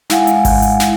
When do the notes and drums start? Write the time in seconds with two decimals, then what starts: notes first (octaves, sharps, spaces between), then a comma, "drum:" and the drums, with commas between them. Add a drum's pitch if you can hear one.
0.10 G#3 E4 F5 F#5 G#5, drum: snare
0.27 drum: hi-hat
0.45 drum: kick G#1, open hi-hat
0.62 drum: hi-hat
0.80 drum: snare